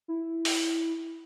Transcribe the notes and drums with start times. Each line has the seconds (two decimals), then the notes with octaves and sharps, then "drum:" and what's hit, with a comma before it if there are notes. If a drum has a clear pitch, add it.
0.08 E4
0.45 drum: open hi-hat